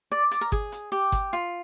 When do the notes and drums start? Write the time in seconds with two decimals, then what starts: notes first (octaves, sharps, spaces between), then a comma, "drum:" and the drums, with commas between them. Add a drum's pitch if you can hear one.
0.12 D5
0.31 D5, drum: hi-hat
0.41 A#4
0.52 G#4, drum: kick G1
0.72 drum: hi-hat
0.92 G4
1.12 drum: kick G1, hi-hat
1.33 F4